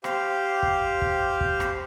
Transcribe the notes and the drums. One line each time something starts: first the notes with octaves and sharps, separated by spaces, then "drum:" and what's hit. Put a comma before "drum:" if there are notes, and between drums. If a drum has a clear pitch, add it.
G4 C5 F5, drum: rim click
drum: kick
drum: kick
drum: kick
drum: rim click